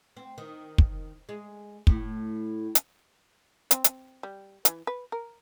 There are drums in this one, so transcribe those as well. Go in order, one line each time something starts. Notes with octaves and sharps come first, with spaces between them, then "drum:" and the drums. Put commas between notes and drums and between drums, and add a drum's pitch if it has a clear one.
C4
D#3
drum: kick
G#3
A2, drum: kick
drum: hi-hat
C4, drum: hi-hat
drum: hi-hat
G3
E3, drum: hi-hat
B4
A#4